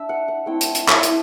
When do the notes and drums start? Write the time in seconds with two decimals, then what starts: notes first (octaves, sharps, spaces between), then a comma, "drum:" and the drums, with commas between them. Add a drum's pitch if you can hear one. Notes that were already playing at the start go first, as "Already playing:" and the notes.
Already playing: D4 E5
0.09 F#5
0.28 F#5
0.46 A3 C4 E4 G5
0.61 drum: hi-hat
0.75 drum: hi-hat
0.89 drum: clap
1.03 A3 E4, drum: hi-hat